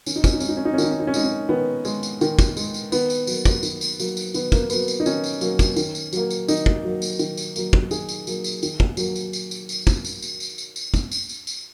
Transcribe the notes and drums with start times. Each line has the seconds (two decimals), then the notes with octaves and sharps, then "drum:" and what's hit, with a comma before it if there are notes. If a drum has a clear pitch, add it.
0.06 D#3 C#4, drum: tambourine
0.16 D#4
0.24 C#4, drum: kick, tambourine
0.33 D#4
0.40 G#3 C#4, drum: tambourine
0.49 D#4
0.57 C#4
0.65 D#4
0.74 C#4
0.78 D#3 D#4, drum: tambourine
0.91 C#4
1.00 D#4
1.07 C#4
1.14 G#3 D#4, drum: tambourine
1.24 C#4
1.49 D#3 B3
1.85 G#3, drum: tambourine
2.03 drum: tambourine
2.21 D#3, drum: tambourine
2.39 drum: kick, tambourine
2.57 G#3, drum: tambourine
2.74 drum: tambourine
2.92 D#3 B3, drum: tambourine
3.10 drum: tambourine
3.27 F#3 A#3, drum: tambourine
3.45 drum: kick, tambourine
3.63 D#3, drum: tambourine
3.81 drum: tambourine
4.00 F#3 A#3, drum: tambourine
4.17 drum: tambourine
4.34 D#3 B3, drum: tambourine
4.52 A#3, drum: kick, tambourine
4.70 F#3 A#3 B3, drum: tambourine
4.88 drum: tambourine
5.00 D#4
5.06 D#3 C#4, drum: tambourine
5.24 drum: tambourine
5.41 F#3 A#3, drum: tambourine
5.59 drum: kick, tambourine
5.76 D#3, drum: tambourine
5.95 drum: tambourine
6.13 F#3 A#3, drum: tambourine
6.30 drum: tambourine
6.48 D#3 D#4, drum: tambourine
6.66 drum: kick
6.84 F#3 A#3
7.02 drum: tambourine
7.19 D#3, drum: tambourine
7.37 drum: tambourine
7.56 F#3 A#3, drum: tambourine
7.73 drum: kick
7.91 D#3 G#4, drum: tambourine
8.09 drum: tambourine
8.27 F#3 A#3, drum: tambourine
8.44 drum: tambourine
8.63 D#3, drum: tambourine
8.80 drum: kick
8.97 F#3 A#3, drum: tambourine
9.16 drum: tambourine
9.33 drum: tambourine
9.51 drum: tambourine
9.69 drum: tambourine
9.87 drum: kick, tambourine
10.05 drum: tambourine
10.22 drum: tambourine
10.40 drum: tambourine
10.58 drum: tambourine
10.76 drum: tambourine
10.94 drum: kick, tambourine
11.11 drum: tambourine
11.29 drum: tambourine
11.47 drum: tambourine